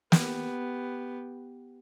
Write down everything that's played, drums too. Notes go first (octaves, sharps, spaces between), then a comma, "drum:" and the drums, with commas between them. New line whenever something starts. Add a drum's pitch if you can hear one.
B3 G4, drum: snare